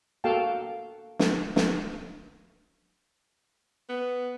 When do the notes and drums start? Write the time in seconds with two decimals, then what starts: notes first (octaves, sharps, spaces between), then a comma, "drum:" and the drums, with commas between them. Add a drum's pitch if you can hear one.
0.24 A#3 F#4 A4 F5 G5 A5
1.19 drum: snare
1.56 drum: snare
3.89 B3